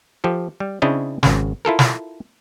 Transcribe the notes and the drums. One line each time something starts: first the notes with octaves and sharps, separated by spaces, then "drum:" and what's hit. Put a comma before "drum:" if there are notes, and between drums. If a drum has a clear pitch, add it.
F3 G4 A4
G3
C#3 C4 D4 E4 C#5 D#5
G#1 C#3, drum: snare
E4 F4 A4 A#4
drum: snare